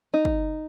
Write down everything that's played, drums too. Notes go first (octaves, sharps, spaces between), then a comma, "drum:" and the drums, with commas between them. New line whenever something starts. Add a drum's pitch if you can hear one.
D#4
drum: kick